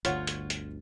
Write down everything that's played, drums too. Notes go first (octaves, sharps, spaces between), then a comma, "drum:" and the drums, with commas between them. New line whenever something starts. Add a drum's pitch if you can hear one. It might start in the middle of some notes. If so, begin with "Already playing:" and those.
G1 D2 F4 C#5 F#5, drum: hi-hat
drum: hi-hat
drum: hi-hat